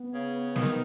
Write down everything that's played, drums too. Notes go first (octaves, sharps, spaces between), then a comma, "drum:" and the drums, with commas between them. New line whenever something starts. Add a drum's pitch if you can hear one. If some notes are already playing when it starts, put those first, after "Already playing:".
Already playing: B3
C#3
D#3, drum: snare